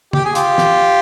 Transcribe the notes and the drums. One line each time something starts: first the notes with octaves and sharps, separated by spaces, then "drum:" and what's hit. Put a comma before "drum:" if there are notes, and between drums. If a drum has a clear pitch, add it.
G4, drum: tom
G#4
F4 G4, drum: hi-hat
drum: snare